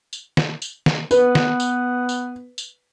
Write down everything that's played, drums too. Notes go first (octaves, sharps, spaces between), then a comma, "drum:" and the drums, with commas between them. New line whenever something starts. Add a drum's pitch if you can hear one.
drum: tambourine
drum: snare
drum: tambourine
drum: snare
B3 B4, drum: tambourine
drum: snare
drum: tambourine
drum: tambourine
drum: tambourine